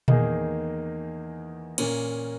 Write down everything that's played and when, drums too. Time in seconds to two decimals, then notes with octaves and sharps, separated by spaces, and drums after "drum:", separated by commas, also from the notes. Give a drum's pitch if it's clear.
0.08 E2 D#3 A#3 D#4 G#4, drum: tom A#2
1.78 A#2 A#3 C#4, drum: cymbal